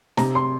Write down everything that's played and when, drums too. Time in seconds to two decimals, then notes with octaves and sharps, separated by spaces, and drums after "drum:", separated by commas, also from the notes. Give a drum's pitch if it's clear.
0.17 C3 A#5, drum: snare
0.35 C6